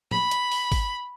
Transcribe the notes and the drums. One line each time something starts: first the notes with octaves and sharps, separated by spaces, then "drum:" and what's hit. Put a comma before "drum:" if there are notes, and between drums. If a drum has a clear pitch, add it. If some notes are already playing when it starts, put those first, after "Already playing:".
B5, drum: tom
drum: hi-hat
drum: open hi-hat
drum: kick, open hi-hat